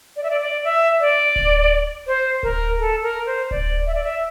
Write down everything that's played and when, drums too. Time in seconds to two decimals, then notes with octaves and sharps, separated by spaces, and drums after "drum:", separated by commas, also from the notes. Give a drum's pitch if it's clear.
0.16 D5
0.23 E5
0.30 D5
0.41 D5
0.64 E5
1.00 D5
1.36 drum: kick D1
2.07 C5
2.43 A#4, drum: kick D1
2.79 A4
3.03 A#4
3.26 C5
3.51 D5, drum: kick D1
3.87 E5
3.95 D5
4.04 E5